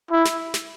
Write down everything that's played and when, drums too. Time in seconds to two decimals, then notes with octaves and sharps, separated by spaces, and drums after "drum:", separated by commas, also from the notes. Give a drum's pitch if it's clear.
0.11 E4
0.25 drum: snare
0.54 drum: snare